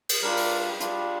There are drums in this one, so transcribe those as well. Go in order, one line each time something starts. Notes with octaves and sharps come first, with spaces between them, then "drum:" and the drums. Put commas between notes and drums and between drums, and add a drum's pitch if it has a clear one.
drum: cymbal
G3 D4 F4 A#4
drum: open hi-hat
G3 D4 F4, drum: hi-hat